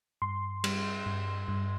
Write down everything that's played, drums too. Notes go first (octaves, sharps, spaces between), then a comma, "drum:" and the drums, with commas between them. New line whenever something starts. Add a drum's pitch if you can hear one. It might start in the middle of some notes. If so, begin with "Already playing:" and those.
G2 C6
G3, drum: cymbal
G2
G2